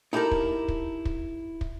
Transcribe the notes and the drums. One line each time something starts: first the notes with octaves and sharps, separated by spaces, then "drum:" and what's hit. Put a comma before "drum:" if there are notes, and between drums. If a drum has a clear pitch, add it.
D#4 E4 G4 A4 A#4
drum: kick
drum: kick
drum: kick
drum: kick